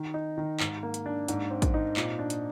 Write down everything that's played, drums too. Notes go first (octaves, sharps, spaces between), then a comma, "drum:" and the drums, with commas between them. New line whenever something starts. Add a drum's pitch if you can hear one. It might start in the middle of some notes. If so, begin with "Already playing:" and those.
Already playing: D#3
D#4
D#3
G#2, drum: clap
A#3
drum: hi-hat
D4
G#2, drum: hi-hat
C4
drum: kick, hi-hat
D#4
A#2, drum: clap
D4
drum: hi-hat